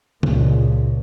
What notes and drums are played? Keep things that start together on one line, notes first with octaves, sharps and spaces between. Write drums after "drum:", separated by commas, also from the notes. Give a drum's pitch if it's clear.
C#2 A#2, drum: tom C#3